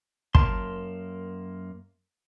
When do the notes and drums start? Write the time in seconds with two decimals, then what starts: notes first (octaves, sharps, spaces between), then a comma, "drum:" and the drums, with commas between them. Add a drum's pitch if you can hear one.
0.35 F#2 A#3 A#4 E5 A5 C6, drum: kick